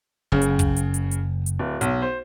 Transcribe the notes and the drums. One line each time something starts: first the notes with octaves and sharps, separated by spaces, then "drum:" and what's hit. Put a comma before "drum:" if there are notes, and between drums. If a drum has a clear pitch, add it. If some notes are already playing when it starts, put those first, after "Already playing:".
F#1 C#3
drum: hi-hat
drum: kick, hi-hat
drum: hi-hat
drum: hi-hat
drum: hi-hat
drum: hi-hat
D1
B1, drum: hi-hat
C5